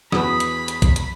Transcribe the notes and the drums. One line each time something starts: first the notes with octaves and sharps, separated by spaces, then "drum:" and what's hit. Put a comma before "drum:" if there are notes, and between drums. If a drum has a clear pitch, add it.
E2 F#4 G#4 B4 B5 D#6, drum: snare
drum: hi-hat
drum: hi-hat
drum: kick, hi-hat
drum: hi-hat